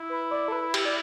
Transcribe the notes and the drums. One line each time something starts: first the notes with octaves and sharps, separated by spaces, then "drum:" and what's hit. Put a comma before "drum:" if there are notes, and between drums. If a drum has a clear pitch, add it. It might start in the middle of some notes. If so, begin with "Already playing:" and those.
Already playing: E4
B4
D5
A4
B4
G4, drum: cymbal
D5